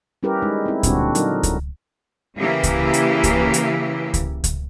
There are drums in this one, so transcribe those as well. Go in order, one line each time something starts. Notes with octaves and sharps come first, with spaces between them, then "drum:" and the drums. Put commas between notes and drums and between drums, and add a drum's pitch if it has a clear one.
G3 C#4 E4 G4 A#4 B4
G#3 D#4
C4 E4
A#2 D3 G3 C4 D4 F#4, drum: kick C#2, hi-hat
F#3 D#4 A#4, drum: hi-hat
drum: kick C#2, hi-hat
C#3 E3 A#3 E4 G4
drum: kick C#2, hi-hat
drum: hi-hat
drum: kick C#2, hi-hat
drum: hi-hat
drum: kick C#2, hi-hat
drum: kick C#2, hi-hat